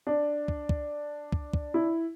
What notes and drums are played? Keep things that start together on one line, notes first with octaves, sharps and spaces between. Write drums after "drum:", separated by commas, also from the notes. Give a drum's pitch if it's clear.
D4
drum: kick
drum: kick
drum: kick
drum: kick
E4